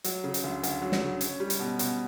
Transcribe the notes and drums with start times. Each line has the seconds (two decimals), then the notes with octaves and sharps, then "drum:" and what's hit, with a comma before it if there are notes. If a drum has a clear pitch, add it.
0.04 F#3, drum: hi-hat
0.24 C#3
0.34 drum: hi-hat
0.44 D2
0.63 D2, drum: hi-hat
0.82 F#3
0.92 drum: snare
1.01 C#3
1.21 C#4, drum: hi-hat
1.40 G3
1.50 drum: hi-hat
1.59 B2
1.79 B2, drum: hi-hat